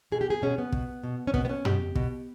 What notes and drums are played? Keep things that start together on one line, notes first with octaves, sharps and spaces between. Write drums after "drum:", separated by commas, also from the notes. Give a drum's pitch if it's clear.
B2 G#4
G4
G#4
B2 C#4
B3
B2, drum: kick
B2
C#4
B2 B3, drum: kick
B3
C#4
B2 G4, drum: tom
B2, drum: kick